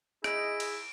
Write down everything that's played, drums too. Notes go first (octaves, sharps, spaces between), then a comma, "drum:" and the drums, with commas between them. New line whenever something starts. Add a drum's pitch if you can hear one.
E4 G#4 D#5 D7, drum: rim click
drum: cymbal